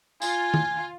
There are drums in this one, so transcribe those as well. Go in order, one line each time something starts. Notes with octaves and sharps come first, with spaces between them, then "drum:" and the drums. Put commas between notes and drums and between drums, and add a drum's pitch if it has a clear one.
F4 G#5, drum: tambourine
drum: tom D#3